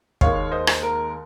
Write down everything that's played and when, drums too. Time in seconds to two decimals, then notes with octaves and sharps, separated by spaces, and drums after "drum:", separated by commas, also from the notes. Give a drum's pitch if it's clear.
0.21 D#2 D#3 G#3 C#5 F5, drum: kick
0.51 C5 D#5
0.67 drum: rim click
0.83 A#4